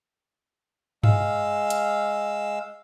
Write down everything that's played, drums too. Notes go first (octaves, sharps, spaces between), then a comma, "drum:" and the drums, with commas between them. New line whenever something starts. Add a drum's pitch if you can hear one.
G#3 F5 E6, drum: tom G2
drum: hi-hat